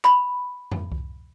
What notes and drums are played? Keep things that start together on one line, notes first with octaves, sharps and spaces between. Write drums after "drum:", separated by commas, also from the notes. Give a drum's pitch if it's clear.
B5, drum: clap
drum: tom F2
drum: kick C2